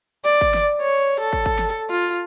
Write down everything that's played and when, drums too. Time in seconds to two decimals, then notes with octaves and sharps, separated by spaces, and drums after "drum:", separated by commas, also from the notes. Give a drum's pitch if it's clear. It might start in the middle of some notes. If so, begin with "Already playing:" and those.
0.25 D5
0.41 drum: kick
0.54 drum: snare
0.81 C#5
1.20 A4
1.33 drum: kick
1.46 drum: kick
1.59 drum: snare
1.90 F4